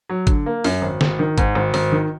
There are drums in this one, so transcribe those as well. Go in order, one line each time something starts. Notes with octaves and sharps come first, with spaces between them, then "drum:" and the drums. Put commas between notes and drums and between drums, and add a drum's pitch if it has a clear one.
F#3
D3, drum: kick, hi-hat
A#3
F#2, drum: open hi-hat
G#1
G#1, drum: snare
D#3
G#2, drum: kick, hi-hat
G#1
G#1, drum: open hi-hat
D#3